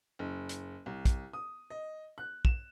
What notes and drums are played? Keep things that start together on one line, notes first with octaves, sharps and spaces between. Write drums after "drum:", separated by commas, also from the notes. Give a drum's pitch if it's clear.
F#1
drum: hi-hat
C2
drum: kick, hi-hat
D#6
D#5
F#6
E7, drum: kick